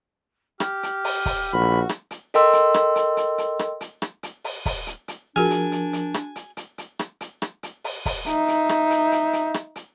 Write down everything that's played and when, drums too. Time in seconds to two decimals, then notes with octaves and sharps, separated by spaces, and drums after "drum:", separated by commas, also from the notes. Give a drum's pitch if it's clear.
0.60 G4 F6, drum: rim click
0.83 drum: hi-hat
1.04 drum: open hi-hat
1.26 drum: kick, open hi-hat
1.53 A#1 F#4 B5
1.89 drum: rim click
2.11 drum: hi-hat
2.34 A4 A#4 D#5 G5 C6 E6, drum: hi-hat
2.53 drum: hi-hat
2.74 drum: rim click
2.96 drum: hi-hat
3.17 drum: hi-hat
3.38 drum: hi-hat
3.59 drum: rim click
3.81 drum: hi-hat
4.02 drum: rim click
4.23 drum: hi-hat
4.44 drum: open hi-hat
4.66 drum: kick, open hi-hat
4.87 drum: hi-hat
5.08 drum: hi-hat
5.36 F3 D4 F#4 G#4 A#4 G#5
5.51 drum: hi-hat
5.72 drum: hi-hat
5.93 drum: hi-hat
6.14 drum: rim click
6.36 drum: hi-hat
6.57 drum: hi-hat
6.78 drum: hi-hat
6.99 drum: rim click
7.21 drum: hi-hat
7.42 drum: rim click
7.63 drum: hi-hat
7.84 drum: open hi-hat
8.06 drum: kick, open hi-hat
8.27 D#4 E5, drum: hi-hat
8.48 drum: hi-hat
8.69 drum: rim click
8.91 drum: hi-hat
9.12 drum: hi-hat
9.33 drum: hi-hat
9.54 drum: rim click
9.76 drum: hi-hat